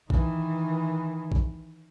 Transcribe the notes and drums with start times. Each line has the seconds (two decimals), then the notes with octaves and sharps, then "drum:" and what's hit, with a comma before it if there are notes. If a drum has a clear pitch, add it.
0.10 D#3 E3, drum: kick
1.32 drum: kick